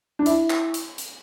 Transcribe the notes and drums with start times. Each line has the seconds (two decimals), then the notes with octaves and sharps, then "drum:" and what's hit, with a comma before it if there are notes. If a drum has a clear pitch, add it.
0.19 D4
0.26 E4, drum: hi-hat
0.50 drum: clap
0.74 drum: hi-hat
0.98 drum: hi-hat